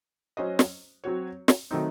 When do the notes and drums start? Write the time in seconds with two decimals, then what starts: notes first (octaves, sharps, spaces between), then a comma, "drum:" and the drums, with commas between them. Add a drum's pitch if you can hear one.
0.37 F#3 C#4 F#4 C5 D#5
0.59 drum: snare
1.04 F#3 C4 F#4 C#5
1.48 drum: snare
1.71 D#3 F#3 A3 C4 D#4